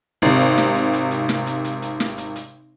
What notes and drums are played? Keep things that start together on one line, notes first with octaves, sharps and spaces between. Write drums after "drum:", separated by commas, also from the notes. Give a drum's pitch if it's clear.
G#1 C3, drum: hi-hat
drum: hi-hat
drum: snare
drum: hi-hat
drum: hi-hat
drum: hi-hat
drum: snare
drum: hi-hat
drum: hi-hat
drum: hi-hat
drum: snare
drum: hi-hat
drum: hi-hat